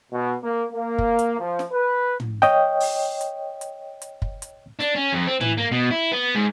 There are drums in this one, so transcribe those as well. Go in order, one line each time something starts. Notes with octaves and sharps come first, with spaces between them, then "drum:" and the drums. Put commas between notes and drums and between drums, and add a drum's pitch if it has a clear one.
B2
A#3
A#3
drum: kick F#1
drum: hi-hat
F3
drum: snare
B4
drum: tom
C#5 D#5 G5, drum: snare
drum: open hi-hat
drum: hi-hat
drum: hi-hat
drum: hi-hat
drum: kick F#1
drum: hi-hat
D4, drum: snare
C#4
F2
C4
E3, drum: tom
A#3
B2
E4
B3
G#2